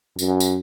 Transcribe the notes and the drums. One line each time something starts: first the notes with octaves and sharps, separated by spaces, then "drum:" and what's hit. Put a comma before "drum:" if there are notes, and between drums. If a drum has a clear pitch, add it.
F#2, drum: tambourine
drum: tambourine